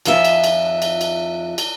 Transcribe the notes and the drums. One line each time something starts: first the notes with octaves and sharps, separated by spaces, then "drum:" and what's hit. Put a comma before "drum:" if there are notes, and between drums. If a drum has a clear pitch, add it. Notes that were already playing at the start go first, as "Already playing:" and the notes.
F2 D#3 F3 G#4 E5, drum: cymbal
drum: cymbal
drum: cymbal
drum: cymbal
drum: cymbal
drum: cymbal